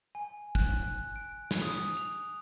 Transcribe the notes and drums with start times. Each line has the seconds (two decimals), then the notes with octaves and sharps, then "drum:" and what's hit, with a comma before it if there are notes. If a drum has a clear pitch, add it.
0.15 G#5
0.55 F#6, drum: kick
1.16 D7
1.51 drum: snare
1.62 D#6
1.97 F7